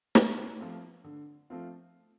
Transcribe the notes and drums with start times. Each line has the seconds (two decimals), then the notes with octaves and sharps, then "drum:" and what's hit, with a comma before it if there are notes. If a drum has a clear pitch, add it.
0.15 D3, drum: snare
0.60 F3 A3 C4 F4
1.04 D3
1.50 F3 A3 C4 F4